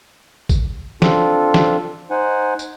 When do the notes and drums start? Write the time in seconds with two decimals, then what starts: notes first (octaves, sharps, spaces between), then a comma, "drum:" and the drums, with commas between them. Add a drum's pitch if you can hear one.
0.49 drum: kick A1, tambourine
1.02 C4 D4 F4 A4, drum: snare
1.54 drum: snare
2.11 D#4 C5 F#5 G#5
2.59 drum: tambourine